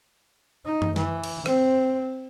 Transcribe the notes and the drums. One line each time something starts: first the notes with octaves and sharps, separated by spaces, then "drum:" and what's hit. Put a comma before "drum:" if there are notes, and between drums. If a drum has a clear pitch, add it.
D#4
drum: tom F#2
E3, drum: snare
drum: cymbal
C4, drum: rim click